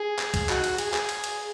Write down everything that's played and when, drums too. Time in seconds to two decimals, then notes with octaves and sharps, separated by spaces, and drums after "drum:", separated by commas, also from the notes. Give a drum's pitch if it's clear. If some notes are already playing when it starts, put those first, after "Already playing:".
Already playing: G#4
0.19 drum: clap
0.34 drum: kick C2, cymbal
0.49 D#4 F#4, drum: clap
0.64 drum: cymbal
0.78 G#4, drum: cymbal
0.94 drum: clap
1.09 drum: cymbal
1.24 drum: cymbal